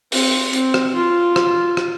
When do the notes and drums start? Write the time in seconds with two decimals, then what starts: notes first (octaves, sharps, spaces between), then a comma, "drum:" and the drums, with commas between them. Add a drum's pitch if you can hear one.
0.12 C4, drum: open hi-hat
0.53 C4, drum: hi-hat
0.74 drum: rim click
0.95 F4
1.36 drum: rim click
1.77 drum: rim click